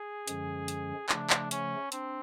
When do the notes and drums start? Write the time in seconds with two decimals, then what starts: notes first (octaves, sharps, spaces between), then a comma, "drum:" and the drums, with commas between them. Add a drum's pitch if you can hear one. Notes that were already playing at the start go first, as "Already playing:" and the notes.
Already playing: G#4
0.27 F#2 D3 F3 G#3 C#4, drum: hi-hat
0.68 drum: hi-hat
1.09 C#3 F3 A3 D4, drum: clap
1.30 drum: clap
1.51 C#4, drum: hi-hat
1.92 C4 D4, drum: hi-hat